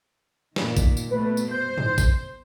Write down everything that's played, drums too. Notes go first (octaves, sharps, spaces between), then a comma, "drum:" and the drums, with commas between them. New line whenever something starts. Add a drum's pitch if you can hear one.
A#2 D#3, drum: snare
drum: kick, tambourine
drum: tambourine
B2 A3 B4
drum: tambourine
C5 G6
drum: tom
drum: kick, tambourine